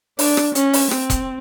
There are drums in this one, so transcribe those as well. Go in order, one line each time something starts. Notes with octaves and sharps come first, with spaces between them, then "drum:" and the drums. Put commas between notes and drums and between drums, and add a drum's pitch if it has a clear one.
D4, drum: open hi-hat
drum: rim click
C#4, drum: hi-hat
drum: open hi-hat
C4, drum: rim click
drum: kick E1, hi-hat